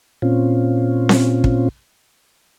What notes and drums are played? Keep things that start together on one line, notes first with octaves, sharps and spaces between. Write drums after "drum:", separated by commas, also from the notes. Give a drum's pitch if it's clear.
A#2 C4 C#4 F4
drum: snare C4
drum: kick